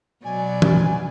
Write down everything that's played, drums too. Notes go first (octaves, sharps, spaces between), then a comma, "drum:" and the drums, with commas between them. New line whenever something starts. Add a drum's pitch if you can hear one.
B2 F#3 D5 G#5
drum: tom E3